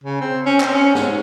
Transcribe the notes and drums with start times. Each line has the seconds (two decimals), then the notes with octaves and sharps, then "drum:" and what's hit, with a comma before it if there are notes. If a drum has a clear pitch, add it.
0.04 C#3
0.21 C4
0.46 C#4
0.60 C4, drum: clap
0.74 C#4
0.95 G#2, drum: snare